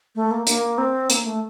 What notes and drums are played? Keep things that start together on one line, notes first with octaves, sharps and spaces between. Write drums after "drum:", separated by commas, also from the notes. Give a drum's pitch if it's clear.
A3
A#3
A#3, drum: hi-hat
C4
A#3, drum: hi-hat
A3